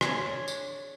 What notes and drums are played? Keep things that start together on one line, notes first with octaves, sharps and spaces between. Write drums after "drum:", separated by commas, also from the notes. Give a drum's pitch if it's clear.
D4 G#4 C#5, drum: rim click
drum: tambourine